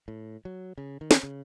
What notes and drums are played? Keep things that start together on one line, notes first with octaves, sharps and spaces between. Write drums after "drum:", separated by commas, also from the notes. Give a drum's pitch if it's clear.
A2
F#3
C#3
D#3
drum: snare
C#3